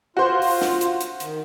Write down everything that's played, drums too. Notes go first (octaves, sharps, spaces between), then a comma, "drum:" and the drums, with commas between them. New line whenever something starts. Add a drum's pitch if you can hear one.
F4 F#4 C5
drum: open hi-hat
drum: snare
drum: hi-hat
drum: hi-hat
D#3, drum: hi-hat